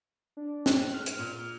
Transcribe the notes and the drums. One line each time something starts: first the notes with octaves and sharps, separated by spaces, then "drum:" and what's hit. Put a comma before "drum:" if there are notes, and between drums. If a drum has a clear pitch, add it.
D4
A2 F#6, drum: snare
G#3 F6
drum: hi-hat
A#2